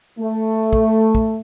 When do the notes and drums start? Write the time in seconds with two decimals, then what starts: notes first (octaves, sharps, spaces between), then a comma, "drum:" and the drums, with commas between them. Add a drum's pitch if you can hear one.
0.19 A3
0.73 drum: kick
1.15 drum: kick